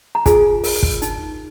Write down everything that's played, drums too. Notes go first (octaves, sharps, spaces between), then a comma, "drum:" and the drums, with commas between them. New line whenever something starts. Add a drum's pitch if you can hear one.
A#5
F4 G#4 G#5, drum: kick, hi-hat
A#4, drum: open hi-hat
drum: kick
D#4, drum: hi-hat